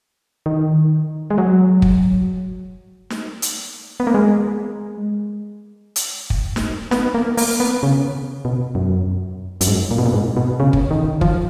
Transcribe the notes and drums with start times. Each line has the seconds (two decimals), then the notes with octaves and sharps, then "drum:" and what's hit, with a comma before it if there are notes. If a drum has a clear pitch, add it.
0.46 D#3
1.30 G#3
1.38 F#3
1.82 drum: kick
3.10 drum: snare
3.42 drum: hi-hat
4.00 B3
4.07 A#3
4.14 G#3
5.96 drum: hi-hat
6.30 drum: kick
6.56 drum: snare
6.91 B3, drum: snare
7.14 A#3
7.37 A#3, drum: open hi-hat
7.60 B3
7.83 C#3
8.45 B2
8.75 F#2
9.61 F#2, drum: hi-hat
9.67 G#2
9.91 A#2
9.98 B2
10.06 A#2
10.13 G#2
10.37 B2
10.60 C#3
10.73 drum: kick
10.91 D#3
11.21 F3, drum: kick